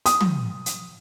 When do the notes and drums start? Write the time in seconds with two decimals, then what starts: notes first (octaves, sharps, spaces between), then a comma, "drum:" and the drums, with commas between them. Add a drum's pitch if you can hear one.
0.06 D#6, drum: hi-hat
0.20 drum: tom
0.66 drum: hi-hat